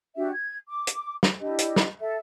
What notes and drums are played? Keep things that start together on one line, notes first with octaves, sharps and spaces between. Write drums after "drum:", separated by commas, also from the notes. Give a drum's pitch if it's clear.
D4 F#4 G4 E5
G#6
D6
drum: hi-hat
drum: snare
D4 E4 G4 D#5
drum: hi-hat
drum: snare
A4 E5